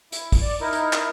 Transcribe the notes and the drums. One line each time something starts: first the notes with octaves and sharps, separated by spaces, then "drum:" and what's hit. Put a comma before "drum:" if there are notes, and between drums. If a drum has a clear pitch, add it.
E4, drum: hi-hat
drum: kick, open hi-hat
D5
D#4 E4 A#4
drum: hi-hat
drum: clap